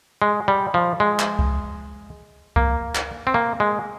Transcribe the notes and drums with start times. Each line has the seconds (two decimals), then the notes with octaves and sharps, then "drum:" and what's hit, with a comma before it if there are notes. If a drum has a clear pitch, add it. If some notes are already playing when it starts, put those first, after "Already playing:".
0.22 G#3
0.48 G3
0.74 F3
1.00 G#3
1.19 drum: clap
1.39 drum: kick C2
2.56 A#3, drum: kick C2
2.95 drum: clap
3.27 C4
3.34 A#3
3.60 G#3